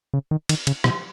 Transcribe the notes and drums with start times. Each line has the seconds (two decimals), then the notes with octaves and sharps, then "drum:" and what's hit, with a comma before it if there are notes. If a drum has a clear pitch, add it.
0.14 C#3
0.31 D#3
0.49 D#3, drum: cymbal
0.67 C#3, drum: cymbal
0.84 B2, drum: rim click